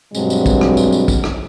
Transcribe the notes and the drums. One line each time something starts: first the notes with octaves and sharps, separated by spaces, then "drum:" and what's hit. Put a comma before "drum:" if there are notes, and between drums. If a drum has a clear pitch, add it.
G2 B2 F#3 G#3 C4, drum: tambourine
drum: tambourine
drum: kick, tambourine
drum: rim click
drum: tambourine
drum: tambourine
drum: kick, tambourine
drum: rim click